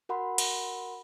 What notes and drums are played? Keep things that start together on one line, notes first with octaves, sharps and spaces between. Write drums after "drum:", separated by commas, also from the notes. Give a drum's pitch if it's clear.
F#4 A#4 F#5 B5 C6
drum: cymbal